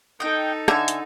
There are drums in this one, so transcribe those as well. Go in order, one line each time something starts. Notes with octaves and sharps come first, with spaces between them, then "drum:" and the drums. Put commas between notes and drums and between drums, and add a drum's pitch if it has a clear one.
D#4 A4 D#5 G5
D3 E5 G#5, drum: rim click
drum: hi-hat